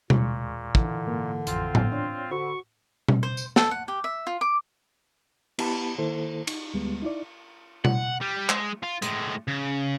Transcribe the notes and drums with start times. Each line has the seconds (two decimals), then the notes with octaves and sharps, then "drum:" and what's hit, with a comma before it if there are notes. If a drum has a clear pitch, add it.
0.10 D#2 A#2 G#3 C#6, drum: tom B2
0.75 D3 E3, drum: kick
1.06 G#2 A#3
1.47 A1 F2 C4 F4, drum: hi-hat
1.75 drum: tom A2
1.92 D4 C#5
2.31 D3 F#4 C5 B5 C#6 E6
3.08 drum: tom B2
3.23 C5
3.37 drum: tambourine
3.56 A4, drum: snare
3.71 F#5
3.88 G4
4.04 E5
4.27 F4
4.41 D6
5.59 B3 E4 G4 A5 B5, drum: cymbal
5.98 D#3 A#3 E4 A4 C5
6.47 D#4, drum: cymbal
6.74 D2 G3 G#3 B3
7.03 D#4 E4 D5
7.85 F#5, drum: tom B2
8.21 G3
8.49 G#3, drum: clap
8.83 F4
9.02 A2 G#3, drum: hi-hat
9.48 C#3